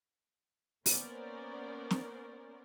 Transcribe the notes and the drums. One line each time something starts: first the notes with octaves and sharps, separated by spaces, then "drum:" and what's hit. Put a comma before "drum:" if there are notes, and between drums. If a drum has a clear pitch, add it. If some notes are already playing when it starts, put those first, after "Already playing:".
A#3 B3 C#4 A#4 C5 D5, drum: open hi-hat
drum: snare